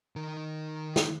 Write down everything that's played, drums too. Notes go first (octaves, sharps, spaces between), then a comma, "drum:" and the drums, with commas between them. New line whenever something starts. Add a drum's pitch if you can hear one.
D#3 A#4
drum: snare